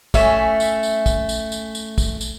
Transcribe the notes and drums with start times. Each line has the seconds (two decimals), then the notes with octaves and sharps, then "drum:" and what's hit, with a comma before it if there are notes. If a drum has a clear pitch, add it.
0.14 A3 C#4 E5 G#5, drum: kick, tambourine
0.60 drum: tambourine
0.83 drum: tambourine
1.06 drum: kick, tambourine
1.29 drum: tambourine
1.52 drum: tambourine
1.75 drum: tambourine
1.98 drum: kick, tambourine
2.21 drum: tambourine